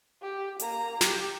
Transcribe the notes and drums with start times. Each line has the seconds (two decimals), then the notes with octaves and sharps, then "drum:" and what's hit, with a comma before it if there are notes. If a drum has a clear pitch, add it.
0.22 G4
0.60 A#3 A#5, drum: hi-hat
1.01 G4, drum: snare